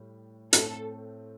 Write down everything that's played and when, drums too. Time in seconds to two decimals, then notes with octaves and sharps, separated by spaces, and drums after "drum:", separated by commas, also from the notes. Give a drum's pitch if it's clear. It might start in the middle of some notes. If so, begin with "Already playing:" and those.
Already playing: A2 G3
0.53 A2 A3 C4 A4, drum: hi-hat